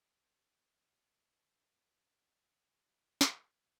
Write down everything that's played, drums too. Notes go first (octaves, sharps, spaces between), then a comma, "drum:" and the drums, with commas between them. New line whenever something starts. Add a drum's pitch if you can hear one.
G#3 B3 C#5 D6 C7 F7
C4 G#5 E6 F#6
B3 C#4 A#4 C#5
drum: snare